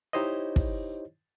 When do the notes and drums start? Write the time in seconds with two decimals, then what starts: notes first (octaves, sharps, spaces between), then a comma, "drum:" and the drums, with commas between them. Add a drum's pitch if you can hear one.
0.13 D#4 E4 G4 C5 C#5 D#5
0.56 drum: kick